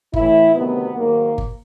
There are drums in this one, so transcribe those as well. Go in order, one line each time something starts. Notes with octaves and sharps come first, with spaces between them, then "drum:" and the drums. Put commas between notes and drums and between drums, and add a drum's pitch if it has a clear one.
A2 E3 E4, drum: kick G1
D2 C3 D#3 F#3 B3
G#2 D#3 F#3 A#3
drum: kick G1